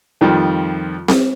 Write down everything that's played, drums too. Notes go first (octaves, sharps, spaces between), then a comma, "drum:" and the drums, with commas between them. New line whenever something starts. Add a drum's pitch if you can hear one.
F2 D#3 F3 G3
drum: snare C4